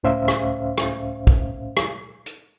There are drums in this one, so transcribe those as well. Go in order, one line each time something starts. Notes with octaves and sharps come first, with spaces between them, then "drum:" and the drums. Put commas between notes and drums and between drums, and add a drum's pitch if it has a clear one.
C#2 A2 C#4 C5 E5 F5
drum: rim click
drum: rim click
drum: kick
drum: rim click
drum: hi-hat